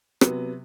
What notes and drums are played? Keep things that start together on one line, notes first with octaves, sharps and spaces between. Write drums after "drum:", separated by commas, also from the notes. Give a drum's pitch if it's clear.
C3 F#3 B3, drum: rim click